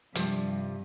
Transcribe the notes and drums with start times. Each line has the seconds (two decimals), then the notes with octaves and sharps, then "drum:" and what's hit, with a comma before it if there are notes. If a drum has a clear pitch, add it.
0.15 G2 C3 F3, drum: hi-hat